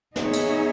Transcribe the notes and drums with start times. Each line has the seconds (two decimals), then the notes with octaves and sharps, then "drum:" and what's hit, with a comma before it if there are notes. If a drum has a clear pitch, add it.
0.16 B3 D#4 G#4 C#5 E5, drum: snare
0.33 drum: cymbal